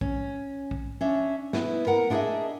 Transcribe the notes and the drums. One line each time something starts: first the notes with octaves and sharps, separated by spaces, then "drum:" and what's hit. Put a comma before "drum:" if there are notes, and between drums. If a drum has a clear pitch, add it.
C#4, drum: kick
drum: kick
C#4 D4 E5
B3 E4, drum: snare
A#4 F#5
D4 E4 G#4 B4 D#5 E5